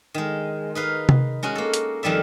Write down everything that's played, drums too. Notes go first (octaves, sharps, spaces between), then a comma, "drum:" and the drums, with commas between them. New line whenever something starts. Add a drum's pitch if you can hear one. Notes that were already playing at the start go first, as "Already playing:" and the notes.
D#3 G#3
D#4 B4 F5
drum: tom C3
G#3 C#4 F#4
A#3 A4
drum: hi-hat
F2 D#3 G3 D5 E5